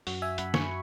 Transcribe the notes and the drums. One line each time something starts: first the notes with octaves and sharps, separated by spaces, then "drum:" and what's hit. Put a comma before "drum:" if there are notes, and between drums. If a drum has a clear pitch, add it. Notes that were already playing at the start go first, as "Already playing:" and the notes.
F#2 F#4, drum: open hi-hat
E5 G#5
F#2 F#5 B5, drum: hi-hat
G#5 C#6, drum: snare